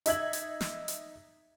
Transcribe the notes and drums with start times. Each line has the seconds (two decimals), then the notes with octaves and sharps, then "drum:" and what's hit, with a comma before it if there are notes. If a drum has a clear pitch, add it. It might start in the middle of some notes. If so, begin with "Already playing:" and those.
0.06 D#4 E5 G#6 F#7, drum: hi-hat
0.33 drum: hi-hat
0.61 drum: snare
0.88 drum: hi-hat